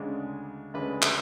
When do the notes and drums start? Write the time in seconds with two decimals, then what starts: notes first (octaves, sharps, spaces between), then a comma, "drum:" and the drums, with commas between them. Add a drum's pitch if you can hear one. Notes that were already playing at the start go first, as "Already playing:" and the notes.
Already playing: D2 C#3 G#3 D4
0.74 D2 C#3 G#3 D4 B4
1.02 drum: clap